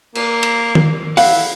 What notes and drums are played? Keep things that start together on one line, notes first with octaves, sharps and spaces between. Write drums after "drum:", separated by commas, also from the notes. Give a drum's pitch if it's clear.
A#3, drum: cymbal
drum: cymbal
drum: tom
E4 F5 F#5, drum: open hi-hat